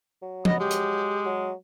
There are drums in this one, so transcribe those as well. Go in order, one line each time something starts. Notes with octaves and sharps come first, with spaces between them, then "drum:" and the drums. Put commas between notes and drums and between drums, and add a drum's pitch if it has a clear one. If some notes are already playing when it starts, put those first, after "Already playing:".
F#3
B3 D#5, drum: tom F3
G#3 G4
drum: hi-hat
F#3